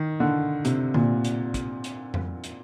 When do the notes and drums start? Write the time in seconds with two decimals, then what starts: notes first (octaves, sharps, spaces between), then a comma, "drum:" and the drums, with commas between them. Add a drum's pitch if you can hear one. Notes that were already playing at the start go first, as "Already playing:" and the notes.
Already playing: D#3
0.20 D3
0.65 C3, drum: hi-hat
0.94 A#2, drum: tom D3
1.24 drum: hi-hat
1.54 drum: kick, hi-hat
1.84 drum: hi-hat
2.14 drum: tom F2
2.44 drum: hi-hat